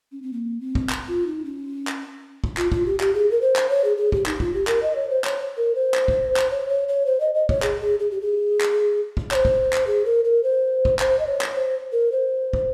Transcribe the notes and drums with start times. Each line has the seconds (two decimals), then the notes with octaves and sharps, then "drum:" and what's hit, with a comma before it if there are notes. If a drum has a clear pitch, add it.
0.12 C#4
0.22 C4
0.33 A#3
0.61 C4
0.75 drum: kick
0.89 drum: clap
1.08 F4
1.26 D#4
1.45 C#4
1.88 drum: clap
2.44 drum: kick
2.57 F4, drum: clap
2.72 F4, drum: kick
2.86 G4
3.00 G4, drum: clap
3.14 G#4
3.31 A#4
3.41 C5
3.56 drum: clap
3.69 C#5
3.84 G#4
3.97 G#4
4.12 G4, drum: kick
4.26 D#4, drum: clap
4.40 F4, drum: kick
4.53 G4
4.67 A#4, drum: clap
4.82 D#5
4.95 C#5
5.10 C5
5.24 C#5, drum: clap
5.57 A#4
5.75 C5
5.94 drum: clap
6.08 drum: kick
6.36 drum: clap
6.50 C#5
6.69 C#5
6.88 C#5
7.06 C5
7.20 D#5
7.35 D#5
7.49 C#5, drum: kick
7.63 G#4, drum: clap
7.81 G#4
8.00 G#4
8.11 G4
8.21 G#4
8.61 drum: clap
9.17 drum: kick
9.31 C#5, drum: clap
9.35 C5
9.45 drum: kick
9.73 drum: clap
9.87 G#4
10.05 A#4
10.25 A#4
10.43 C5
10.85 drum: kick
10.99 C5, drum: clap
11.19 D#5
11.27 C#5
11.41 drum: clap
11.55 C5
11.92 A#4
12.12 C5
12.53 drum: kick